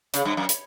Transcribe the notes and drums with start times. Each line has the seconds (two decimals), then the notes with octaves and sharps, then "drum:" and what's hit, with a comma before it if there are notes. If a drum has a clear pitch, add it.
0.14 C#3, drum: hi-hat
0.25 G2
0.37 F#2
0.49 drum: hi-hat